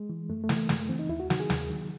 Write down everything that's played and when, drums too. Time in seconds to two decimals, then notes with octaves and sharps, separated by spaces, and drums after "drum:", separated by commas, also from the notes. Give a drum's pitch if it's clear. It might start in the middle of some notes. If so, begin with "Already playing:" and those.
Already playing: G#3
0.10 E3
0.29 F#2 A3
0.44 A3
0.49 E3, drum: snare
0.57 A3
0.69 F#2 G#3, drum: snare
0.79 A3
0.89 E3 C4
0.99 D#4
1.09 D#2 E4
1.20 F#4
1.30 D#3 F#3 F#4, drum: snare
1.40 G#4
1.50 D#2, drum: snare
1.70 D#3 F#3